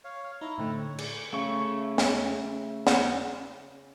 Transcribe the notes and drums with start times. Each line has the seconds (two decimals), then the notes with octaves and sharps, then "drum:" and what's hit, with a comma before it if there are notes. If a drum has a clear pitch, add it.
0.04 C#5 F5
0.24 F6
0.41 D#4 E4 A#5
0.58 A2 D3 A3 C4 E4
0.77 C#5
0.98 G#4 D5, drum: cymbal
1.33 C#3 A3 C#6
1.98 drum: snare
2.87 drum: snare